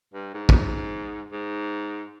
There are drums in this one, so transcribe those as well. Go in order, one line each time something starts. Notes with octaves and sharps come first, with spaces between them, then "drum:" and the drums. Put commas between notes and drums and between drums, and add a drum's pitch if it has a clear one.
G2
G#2
drum: kick
G#2